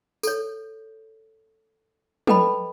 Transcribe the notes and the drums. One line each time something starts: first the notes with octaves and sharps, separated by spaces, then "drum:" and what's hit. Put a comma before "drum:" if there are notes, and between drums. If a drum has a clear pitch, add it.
A4 C#5, drum: tambourine
A4 B4 D#5 G5 A5 B5, drum: tom F3